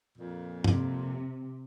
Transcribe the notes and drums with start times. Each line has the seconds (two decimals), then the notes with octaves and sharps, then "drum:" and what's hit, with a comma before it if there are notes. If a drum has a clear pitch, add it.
0.17 F2 A#2
0.64 C3, drum: tom